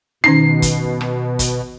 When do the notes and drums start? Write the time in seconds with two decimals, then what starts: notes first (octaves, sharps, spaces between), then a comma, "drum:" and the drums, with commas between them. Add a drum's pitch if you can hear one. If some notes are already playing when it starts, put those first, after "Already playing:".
0.24 B2 D#3 C#4 D#4 C7, drum: rim click
0.62 drum: kick, hi-hat
1.01 drum: rim click
1.39 drum: kick, hi-hat